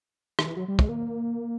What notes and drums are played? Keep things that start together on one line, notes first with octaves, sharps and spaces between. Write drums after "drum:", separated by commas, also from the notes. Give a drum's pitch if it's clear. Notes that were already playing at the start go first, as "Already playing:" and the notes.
D#3, drum: rim click
E3
F#3
G3
G#3, drum: kick
A#3